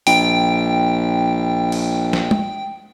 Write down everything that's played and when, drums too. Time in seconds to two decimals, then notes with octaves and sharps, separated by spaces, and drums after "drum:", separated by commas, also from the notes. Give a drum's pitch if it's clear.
0.07 A#1 G5, drum: open hi-hat
1.72 drum: cymbal
2.13 drum: snare
2.31 drum: tom G#3